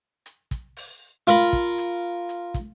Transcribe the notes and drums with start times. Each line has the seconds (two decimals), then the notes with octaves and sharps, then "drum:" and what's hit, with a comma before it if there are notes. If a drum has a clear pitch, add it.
0.26 drum: hi-hat
0.51 drum: kick, hi-hat
0.77 drum: open hi-hat
1.27 F4 A#4 B5, drum: hi-hat
1.53 drum: kick, hi-hat
1.78 drum: hi-hat
2.29 drum: hi-hat
2.54 drum: kick, hi-hat